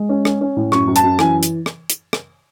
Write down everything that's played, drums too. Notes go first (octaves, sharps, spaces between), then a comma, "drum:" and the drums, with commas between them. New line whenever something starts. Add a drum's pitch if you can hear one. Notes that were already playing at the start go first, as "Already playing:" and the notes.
Already playing: G#3
C#4
C#4, drum: rim click
C#4
A2
F#2 C#6, drum: rim click
F#2
A5, drum: hi-hat
F#2
E3 G#5, drum: rim click
drum: hi-hat
drum: rim click
drum: hi-hat
drum: rim click